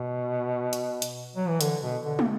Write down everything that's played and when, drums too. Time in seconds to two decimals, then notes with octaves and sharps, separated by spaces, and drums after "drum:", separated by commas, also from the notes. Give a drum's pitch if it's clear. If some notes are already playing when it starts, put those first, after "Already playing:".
Already playing: B2
0.73 drum: hi-hat
1.02 drum: hi-hat
1.36 F#3
1.48 E3
1.61 D3, drum: hi-hat
1.82 B2
2.04 D3
2.19 drum: tom